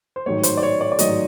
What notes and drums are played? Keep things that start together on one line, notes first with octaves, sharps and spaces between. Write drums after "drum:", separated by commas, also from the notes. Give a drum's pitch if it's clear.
C5
A1 G#2 D#3 F#3 C#5
C5, drum: hi-hat
D5
C#5
D5
D5
A1 G#2 D#3 F#3 D#5, drum: hi-hat